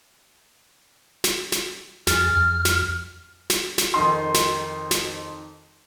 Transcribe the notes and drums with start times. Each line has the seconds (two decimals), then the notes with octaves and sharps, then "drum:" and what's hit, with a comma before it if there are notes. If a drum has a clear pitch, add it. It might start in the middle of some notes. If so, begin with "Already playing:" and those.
1.24 drum: snare
1.52 drum: snare
2.07 F2 G#4 F6 A6, drum: snare
2.37 F2
2.65 drum: snare
3.50 drum: snare
3.78 drum: snare
3.94 F2 D#3 D#4 C6
4.34 drum: snare
4.91 drum: snare